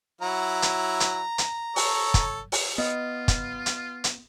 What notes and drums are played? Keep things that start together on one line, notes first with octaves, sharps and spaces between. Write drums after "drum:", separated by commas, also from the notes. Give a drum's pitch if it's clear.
F#3 E4 F#5 A#5
drum: hi-hat
drum: hi-hat
drum: hi-hat
A4 C#5, drum: open hi-hat
drum: kick, hi-hat
drum: open hi-hat
B3 F4 D#5
drum: kick, hi-hat
drum: hi-hat
drum: hi-hat